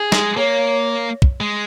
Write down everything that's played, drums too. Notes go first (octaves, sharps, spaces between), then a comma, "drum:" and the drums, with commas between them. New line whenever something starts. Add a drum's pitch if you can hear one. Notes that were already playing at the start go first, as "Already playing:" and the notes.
Already playing: G#4
G#3, drum: snare
A#3 C#5
drum: kick
G#3